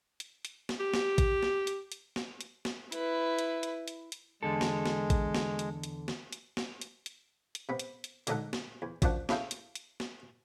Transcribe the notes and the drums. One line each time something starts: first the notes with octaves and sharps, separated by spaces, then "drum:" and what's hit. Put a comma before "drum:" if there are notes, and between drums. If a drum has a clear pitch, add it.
drum: hi-hat
drum: hi-hat
drum: snare
G4
drum: snare
drum: kick A1, hi-hat
drum: snare
drum: hi-hat
drum: hi-hat
drum: snare
drum: hi-hat
drum: snare
E4 B4, drum: hi-hat
drum: hi-hat
drum: hi-hat
drum: hi-hat
drum: hi-hat
E2 D3 G#3 A4
drum: snare
drum: snare
drum: kick A1, hi-hat
drum: snare
drum: hi-hat
drum: hi-hat
drum: snare
drum: hi-hat
drum: snare
drum: hi-hat
drum: hi-hat
drum: hi-hat
C3 B3
drum: hi-hat
drum: hi-hat
D3 F#3 G#3 D#4 A4 F#5, drum: hi-hat
drum: snare
E2
F#2 F3 D4 F#5, drum: kick A1, hi-hat
C#4 E4 G#4 A4 F5 G5, drum: snare
drum: hi-hat
drum: hi-hat
drum: snare